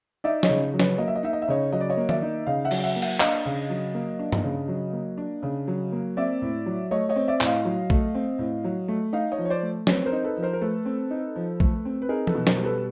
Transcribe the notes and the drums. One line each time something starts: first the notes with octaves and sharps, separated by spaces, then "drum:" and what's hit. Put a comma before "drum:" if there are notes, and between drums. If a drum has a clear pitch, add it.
D#4 D5 E5
C#5 D#5, drum: snare
C#3
F#3
B4 C#5, drum: snare
A#3 D#5
E5
D#5
D#4 E5
D#5
E5
C#3 C#5 D#5
F#3 D#5
D5
C#5 D#5
A#3
D5 E5, drum: tom D#3
D#4
C#3 D#5 F5
E5 F#5
F#3, drum: cymbal
E5 F#5
A#3
E5 F#5, drum: cymbal
D4 D#5 F5, drum: clap
C#3
F#3
A#3
D4
drum: tom G2
C#3
F#3
A#3
D4
C#3
F#3
A#3
C4 D5 E5
A2
F#3
A3 C#5 D#5
C#5 D#5
C4
D5 E5
A2, drum: clap
D#5 F5
F#3
A3, drum: kick
C4
A2
F#3
A3
D#4 D#5 F5
C#5 D#5
F3
C#5
C5 D5
A3
C4 B4 C#5, drum: snare
A#4 C5
D#4
A4 B4
F3
A#4 C5
A#4
A3 A4 B4
C4
D#4
F3
A3, drum: kick
C4
B4
D#4 G#4 A#4
A4 B4, drum: tom E3
B2
A#4 C5, drum: snare
G3
A4 B4